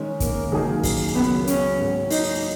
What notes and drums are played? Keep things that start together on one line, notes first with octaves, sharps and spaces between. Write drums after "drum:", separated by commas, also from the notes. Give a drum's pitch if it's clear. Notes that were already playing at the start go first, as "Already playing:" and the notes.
Already playing: D#3 G#3 C#4
A#3, drum: kick, hi-hat
F#2 D#3 A#3 D#4 G#4
drum: kick, open hi-hat
C#2 C#3 F#3 B3
C#4, drum: hi-hat
G#2 F#3 A#3 C#4 F#4
D#4, drum: open hi-hat